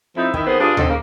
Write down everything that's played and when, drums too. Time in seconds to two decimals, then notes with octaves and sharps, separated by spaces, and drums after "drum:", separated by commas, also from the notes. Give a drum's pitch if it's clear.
0.16 F2 F3 D#4 E4
0.34 D#3 E4, drum: kick
0.47 D#3 B3 C4 G#4 A#4 C5
0.61 G2 D4 F4 G#4
0.77 D3 C4 D#4, drum: tom D2
0.89 C#3 A#3